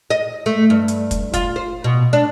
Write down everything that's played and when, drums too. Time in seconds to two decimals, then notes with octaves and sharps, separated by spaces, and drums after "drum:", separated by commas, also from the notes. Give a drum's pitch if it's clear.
0.10 D#5
0.46 A3
0.70 G2
0.88 drum: hi-hat
1.11 drum: kick, hi-hat
1.34 F4, drum: kick, hi-hat
1.56 C5
1.84 B2
2.13 D4